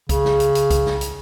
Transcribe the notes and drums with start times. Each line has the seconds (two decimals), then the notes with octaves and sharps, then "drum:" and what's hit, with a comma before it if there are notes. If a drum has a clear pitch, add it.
0.09 C#3, drum: kick C2, hi-hat
0.25 drum: snare
0.40 drum: hi-hat
0.55 drum: hi-hat
0.70 drum: kick C2, hi-hat
0.86 drum: snare
1.01 drum: hi-hat